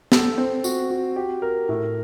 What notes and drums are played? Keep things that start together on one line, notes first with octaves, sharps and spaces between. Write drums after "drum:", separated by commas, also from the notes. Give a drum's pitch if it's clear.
A4, drum: snare
C4
F#4, drum: tambourine
F#4
G4
A#4
A2